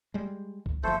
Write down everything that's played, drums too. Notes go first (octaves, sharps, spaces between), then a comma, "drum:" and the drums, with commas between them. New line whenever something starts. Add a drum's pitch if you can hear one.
G3 G#3
drum: kick B1
F#1 F3 A3 A4 C5